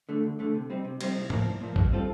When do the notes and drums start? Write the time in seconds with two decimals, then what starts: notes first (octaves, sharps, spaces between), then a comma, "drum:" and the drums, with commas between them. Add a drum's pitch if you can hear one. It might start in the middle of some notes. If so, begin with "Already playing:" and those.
0.09 D3 A3
0.24 D2
0.39 D3 A3
0.55 C3
0.70 G3 C4 D#4
0.85 C3
1.01 G3 C4 D#4, drum: cymbal
1.16 C2
1.30 A#2 F3 A#3, drum: tom G#2
1.45 C2
1.61 A#2 F3 A#3
1.76 D#3, drum: kick A1
1.92 G3 C4 F4 A4